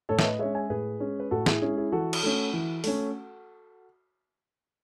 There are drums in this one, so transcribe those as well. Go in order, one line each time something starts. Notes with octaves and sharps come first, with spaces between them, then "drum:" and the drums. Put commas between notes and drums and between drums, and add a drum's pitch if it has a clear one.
A2 A4 C#5
E5, drum: snare
B4 D#5
G#3 C#4 C#5 E5
E5 G#5
A2 G#4 B4
G#3 C#4
B4
A2 F#4 A4
E4 G#4, drum: snare
G#3 C#4 E4 G#4
E4 G#4
E3 F#4 A4
drum: cymbal
A3 C#4
E3
A3 C#4, drum: open hi-hat